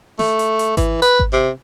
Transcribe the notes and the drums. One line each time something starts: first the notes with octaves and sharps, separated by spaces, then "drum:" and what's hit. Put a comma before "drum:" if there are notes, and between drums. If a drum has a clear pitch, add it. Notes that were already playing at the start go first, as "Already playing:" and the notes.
A3, drum: snare
drum: hi-hat
drum: hi-hat
E3, drum: kick G#1, hi-hat
B4, drum: hi-hat
drum: kick G#1
C3